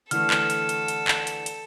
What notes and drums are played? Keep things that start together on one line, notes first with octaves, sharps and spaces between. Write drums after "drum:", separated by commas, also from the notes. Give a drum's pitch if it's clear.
D3 E3 A3 A4 F6, drum: hi-hat
drum: clap
drum: hi-hat
drum: hi-hat
drum: hi-hat
drum: clap
drum: hi-hat
drum: hi-hat